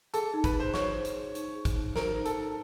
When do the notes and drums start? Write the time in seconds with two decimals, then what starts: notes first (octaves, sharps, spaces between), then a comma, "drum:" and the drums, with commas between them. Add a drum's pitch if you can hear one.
0.14 G#4 A4, drum: hi-hat
0.34 D#4
0.44 B4, drum: kick, hi-hat
0.54 G#4
0.60 C5
0.74 C5 C#5, drum: snare
0.95 C5
1.05 drum: hi-hat
1.14 G#4
1.35 D#4, drum: hi-hat
1.55 G#4
1.65 drum: kick, hi-hat
1.75 D#4
1.96 A#4 C5, drum: snare
2.15 D#4
2.25 A4, drum: hi-hat
2.36 D#4